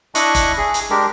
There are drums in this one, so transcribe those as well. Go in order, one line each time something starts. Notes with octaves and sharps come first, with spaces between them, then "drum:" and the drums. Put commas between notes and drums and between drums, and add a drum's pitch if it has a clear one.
D4 E4 D#5 C#6 F#6, drum: hi-hat
drum: kick F1, hi-hat
G#4
drum: hi-hat
G#3 D4 G4 A#4